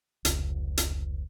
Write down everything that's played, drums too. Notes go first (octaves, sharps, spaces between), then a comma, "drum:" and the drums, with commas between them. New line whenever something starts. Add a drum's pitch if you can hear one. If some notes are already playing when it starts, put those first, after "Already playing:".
F1 C#2, drum: hi-hat
drum: hi-hat